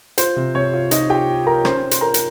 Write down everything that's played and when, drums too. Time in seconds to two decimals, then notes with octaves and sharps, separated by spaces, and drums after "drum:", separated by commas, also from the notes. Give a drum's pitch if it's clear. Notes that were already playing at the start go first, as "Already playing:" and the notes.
0.18 F4 C5, drum: hi-hat
0.36 C3
0.55 C3 C#5
0.73 F4
0.91 D#4 F4 D#5, drum: hi-hat
1.09 F4 G4 G5
1.29 F4
1.47 F4 A#4 A#5
1.65 C#4 C5 C6, drum: rim click
1.83 C#4
1.91 C6, drum: hi-hat
2.01 F4 A#4 A#5
2.14 drum: hi-hat